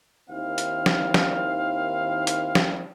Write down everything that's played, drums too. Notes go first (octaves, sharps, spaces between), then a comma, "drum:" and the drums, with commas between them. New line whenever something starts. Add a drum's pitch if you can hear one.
D#2 D#3 C4 E4 F5
drum: hi-hat
drum: snare
drum: snare
drum: hi-hat
drum: snare